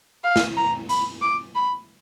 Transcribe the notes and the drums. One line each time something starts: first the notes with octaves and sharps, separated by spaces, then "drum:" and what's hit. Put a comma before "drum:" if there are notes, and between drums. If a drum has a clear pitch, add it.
F5
drum: snare
A#5
B5, drum: hi-hat
D6
B5